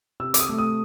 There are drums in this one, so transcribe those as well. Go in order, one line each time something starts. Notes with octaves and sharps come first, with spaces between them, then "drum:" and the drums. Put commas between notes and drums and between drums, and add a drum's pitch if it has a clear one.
C3 E6
D6, drum: hi-hat
D#6
A3
D#6